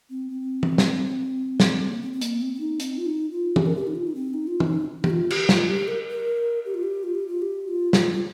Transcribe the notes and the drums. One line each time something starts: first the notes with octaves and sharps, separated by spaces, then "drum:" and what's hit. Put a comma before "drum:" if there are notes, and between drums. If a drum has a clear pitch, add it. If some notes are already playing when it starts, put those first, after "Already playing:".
C4
C4
drum: tom
drum: snare
drum: snare
A#3
C4
C4
A#3, drum: hi-hat
C4
C4
D#4
C4, drum: hi-hat
F4
D#4
F4
G4, drum: tom
A#4
G4
D#4
F4
D#4
C4
D#4
F4
D#4, drum: tom
G4, drum: tom
F4
G4, drum: cymbal
F4, drum: snare
G4
A#4
A#4
G4
F4
G4
F4
G4
F4
G4
F4
F4, drum: snare
F4